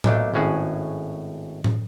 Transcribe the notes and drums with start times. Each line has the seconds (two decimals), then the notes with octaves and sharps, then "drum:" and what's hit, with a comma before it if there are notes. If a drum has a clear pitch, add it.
0.04 B1 A#2 A3 D4, drum: tom A2
0.34 G#1 A2 C#4 F#4 G#4
1.64 drum: tom A2